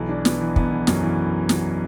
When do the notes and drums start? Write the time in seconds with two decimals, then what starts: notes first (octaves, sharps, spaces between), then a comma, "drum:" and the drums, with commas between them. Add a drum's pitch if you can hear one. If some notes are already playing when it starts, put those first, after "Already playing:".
Already playing: B1 E3
0.09 D4
0.25 B3, drum: snare
0.41 E3
0.56 B3, drum: kick
0.71 E3
0.87 F#2, drum: snare
1.03 E3
1.49 drum: snare